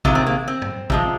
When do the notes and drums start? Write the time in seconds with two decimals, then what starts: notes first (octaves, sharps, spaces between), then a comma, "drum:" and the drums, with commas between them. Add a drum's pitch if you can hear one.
0.05 C3 D#3 G#3 F4, drum: kick
0.15 C4
0.26 A#3
0.48 C4
0.62 drum: tom G2
0.90 C3 F3 G#3, drum: kick